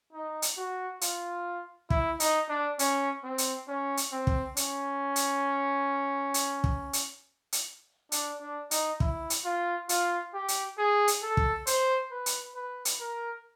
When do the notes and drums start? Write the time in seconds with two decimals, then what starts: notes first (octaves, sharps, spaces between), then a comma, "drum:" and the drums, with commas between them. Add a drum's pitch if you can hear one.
0.13 D#4
0.42 drum: hi-hat
0.57 F#4
1.01 F4, drum: hi-hat
1.90 E4, drum: kick
2.20 D#4, drum: hi-hat
2.49 D4
2.79 C#4, drum: hi-hat
3.24 C4
3.38 drum: hi-hat
3.68 C#4
3.97 drum: hi-hat
4.12 C4
4.27 drum: kick
4.57 C#4, drum: hi-hat
5.16 drum: hi-hat
6.34 drum: hi-hat
6.64 drum: kick
6.93 drum: hi-hat
7.52 drum: hi-hat
8.12 D4, drum: hi-hat
8.41 D4
8.71 D#4, drum: hi-hat
9.00 E4, drum: kick
9.30 drum: hi-hat
9.45 F4
9.89 F4, drum: hi-hat
10.33 G4
10.48 drum: hi-hat
10.78 G#4
11.08 drum: hi-hat
11.23 A4
11.37 drum: kick
11.67 C5, drum: hi-hat
12.11 B4
12.26 drum: hi-hat
12.55 B4
12.85 drum: hi-hat
13.00 A#4